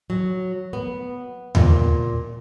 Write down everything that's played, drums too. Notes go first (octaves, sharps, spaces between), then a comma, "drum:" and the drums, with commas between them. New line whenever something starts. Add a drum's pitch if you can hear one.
F#3
B3
A#2, drum: tom D#2